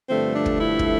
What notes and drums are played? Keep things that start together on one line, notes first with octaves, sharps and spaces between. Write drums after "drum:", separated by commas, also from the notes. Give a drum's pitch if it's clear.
G2 D3 F3 A3 C4
D4
drum: kick
E4
drum: kick